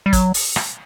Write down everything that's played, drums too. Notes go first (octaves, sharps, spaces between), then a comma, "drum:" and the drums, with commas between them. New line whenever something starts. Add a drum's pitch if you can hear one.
G3
F#3, drum: kick, hi-hat
drum: open hi-hat
drum: rim click